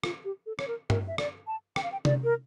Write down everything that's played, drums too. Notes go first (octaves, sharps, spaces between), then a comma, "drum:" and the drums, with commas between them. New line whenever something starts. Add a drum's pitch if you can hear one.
F4, drum: rim click
G4
A4
C#5, drum: rim click
A#4
A#4, drum: tom G2
E5
D5, drum: rim click
A5
G5, drum: rim click
F5
G5
D5, drum: tom C3
A#4